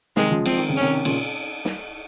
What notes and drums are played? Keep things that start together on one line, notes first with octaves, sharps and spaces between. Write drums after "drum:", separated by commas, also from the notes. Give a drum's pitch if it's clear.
C3 D#3 G#3, drum: snare
C#3 F3
F3 C4, drum: cymbal
D#3
C#3
C#4
C3 D#3
A#2 C#3, drum: cymbal
drum: snare